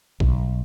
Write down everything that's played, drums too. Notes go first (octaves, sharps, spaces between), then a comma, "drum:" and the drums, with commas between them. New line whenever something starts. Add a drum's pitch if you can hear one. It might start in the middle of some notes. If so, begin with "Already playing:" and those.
B1, drum: kick A#1